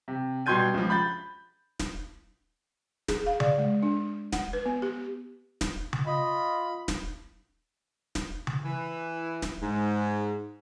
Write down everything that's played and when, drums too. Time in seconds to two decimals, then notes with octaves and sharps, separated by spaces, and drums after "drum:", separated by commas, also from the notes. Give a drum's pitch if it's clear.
0.08 C3
0.46 B2 G3 C6 G6 G#6 D#7
0.74 C#2 F3
0.90 B5 G6 A6
1.79 drum: snare
3.08 G#4, drum: snare
3.26 F5
3.40 D5, drum: tom C#3
3.58 G#3
3.83 D4
4.32 F#5, drum: snare
4.53 B4
4.66 B3
4.82 G4
5.61 drum: snare
5.93 drum: tom C#3
6.06 F4 D#5 B5
6.88 drum: snare
8.15 drum: snare
8.47 drum: tom C#3
8.64 E3
9.42 drum: snare
9.62 G#2